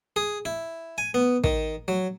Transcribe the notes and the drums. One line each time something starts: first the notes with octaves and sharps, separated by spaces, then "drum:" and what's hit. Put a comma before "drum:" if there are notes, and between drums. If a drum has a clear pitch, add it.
G#4
E4
G#5
B3
D#3, drum: kick
F#3